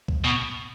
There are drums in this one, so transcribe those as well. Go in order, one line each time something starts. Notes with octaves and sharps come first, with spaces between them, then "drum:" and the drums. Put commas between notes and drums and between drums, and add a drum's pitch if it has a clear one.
drum: kick C#2
B2